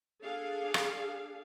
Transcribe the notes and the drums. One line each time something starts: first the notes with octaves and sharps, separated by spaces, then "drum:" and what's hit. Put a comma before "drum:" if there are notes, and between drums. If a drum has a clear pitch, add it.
D4 G#4 A4 F5
drum: rim click